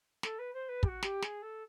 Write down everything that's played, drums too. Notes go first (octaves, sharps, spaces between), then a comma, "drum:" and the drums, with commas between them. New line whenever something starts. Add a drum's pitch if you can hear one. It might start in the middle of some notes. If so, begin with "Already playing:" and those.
A4, drum: snare
B4
C5
B4
G4, drum: kick
F#4
G4, drum: snare
G#4, drum: snare
A4